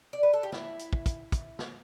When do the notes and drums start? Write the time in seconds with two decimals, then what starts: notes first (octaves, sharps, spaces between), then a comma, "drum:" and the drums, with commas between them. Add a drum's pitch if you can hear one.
0.13 D5
0.23 B4
0.33 A4
0.43 G4
0.52 E4, drum: snare
0.79 drum: hi-hat
0.93 drum: kick
1.06 drum: kick, hi-hat
1.32 drum: kick, hi-hat
1.59 drum: snare